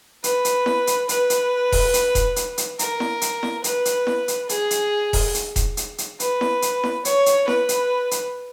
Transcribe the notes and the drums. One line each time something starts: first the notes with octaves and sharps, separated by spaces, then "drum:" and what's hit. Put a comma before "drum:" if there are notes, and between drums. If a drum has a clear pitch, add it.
B4, drum: hi-hat
drum: hi-hat
drum: snare E4
drum: hi-hat
B4, drum: hi-hat
drum: hi-hat
drum: kick E1, open hi-hat
drum: hi-hat
drum: kick E1, hi-hat
drum: hi-hat
drum: hi-hat
A#4, drum: hi-hat
drum: snare E4
drum: hi-hat
drum: snare E4
B4, drum: hi-hat
drum: hi-hat
drum: snare E4
drum: hi-hat
G#4, drum: hi-hat
drum: hi-hat
drum: kick E1, open hi-hat
drum: hi-hat
drum: kick E1, hi-hat
drum: hi-hat
drum: hi-hat
B4, drum: hi-hat
drum: snare E4
drum: hi-hat
drum: snare E4
C#5, drum: hi-hat
drum: hi-hat
B4, drum: snare E4
drum: hi-hat
drum: hi-hat